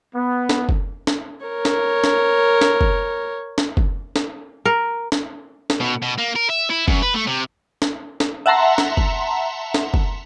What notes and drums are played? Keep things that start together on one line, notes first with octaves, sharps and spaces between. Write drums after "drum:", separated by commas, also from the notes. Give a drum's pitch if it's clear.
B3
drum: snare
drum: kick
drum: snare
A#4 C#5
drum: snare
drum: snare
drum: snare
drum: kick
drum: snare
drum: kick
drum: snare
A#4
drum: snare
drum: snare
B2
B2
A#3
A#4
E5
E4
F#2, drum: kick
B4
A3
C3
drum: snare
drum: snare
E5 F#5 A5 A#5 C6
drum: snare
drum: kick
drum: snare
drum: kick